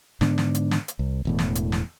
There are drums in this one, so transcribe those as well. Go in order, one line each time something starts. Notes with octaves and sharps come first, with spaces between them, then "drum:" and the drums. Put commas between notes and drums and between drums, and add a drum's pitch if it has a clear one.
G#2 D3 B3 D4, drum: snare
drum: snare
drum: hi-hat
drum: snare
drum: hi-hat
C2
E1 E2 A2
drum: snare
drum: hi-hat
drum: snare